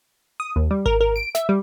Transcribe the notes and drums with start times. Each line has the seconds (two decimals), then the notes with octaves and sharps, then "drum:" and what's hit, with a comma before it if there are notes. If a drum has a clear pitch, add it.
0.40 D#6
0.56 D#2
0.71 G3
0.86 A#4, drum: kick G#1
1.01 A#4
1.16 D7
1.35 E5, drum: snare
1.49 G3